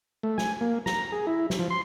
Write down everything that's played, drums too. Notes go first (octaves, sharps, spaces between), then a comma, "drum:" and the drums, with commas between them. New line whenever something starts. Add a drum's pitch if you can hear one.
A3
G#5, drum: snare
A#3
A#5, drum: snare
G#4
E4
drum: snare
F3
C6